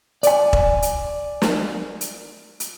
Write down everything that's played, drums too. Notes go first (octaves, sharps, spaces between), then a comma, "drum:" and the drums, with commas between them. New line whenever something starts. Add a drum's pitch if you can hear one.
D5 G#5, drum: hi-hat
drum: kick E1
drum: hi-hat
drum: snare
drum: hi-hat
drum: hi-hat